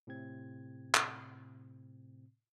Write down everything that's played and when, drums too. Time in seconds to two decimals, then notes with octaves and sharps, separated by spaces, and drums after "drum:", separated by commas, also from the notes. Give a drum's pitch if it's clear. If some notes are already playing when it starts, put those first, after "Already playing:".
0.07 A2 C3 C4 G#6
0.94 drum: clap